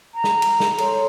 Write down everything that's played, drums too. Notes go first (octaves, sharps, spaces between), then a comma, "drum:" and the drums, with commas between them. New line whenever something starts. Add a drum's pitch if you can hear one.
A#5
drum: snare
drum: cymbal
drum: snare
A4 C#5 C6, drum: cymbal